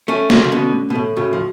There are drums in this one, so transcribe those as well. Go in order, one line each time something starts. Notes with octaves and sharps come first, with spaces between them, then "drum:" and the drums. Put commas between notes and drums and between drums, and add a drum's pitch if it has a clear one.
A3 C#4 A4
C#3 F3 F#4, drum: snare A#3
C#3
B2 D3 C#4
A3
B2
A2 A4
A2 C#3 F#4
F3